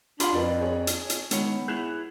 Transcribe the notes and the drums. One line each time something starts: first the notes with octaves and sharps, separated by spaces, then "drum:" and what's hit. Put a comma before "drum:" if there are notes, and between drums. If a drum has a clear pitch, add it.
D4 F4 G4 F5 B5 C6, drum: hi-hat
F2 F3 A#4 B4 D5
G#4 C#5
drum: hi-hat
drum: hi-hat
D#3 G#3 B3 C#5, drum: hi-hat
E4 G#4 F#6 E7 F7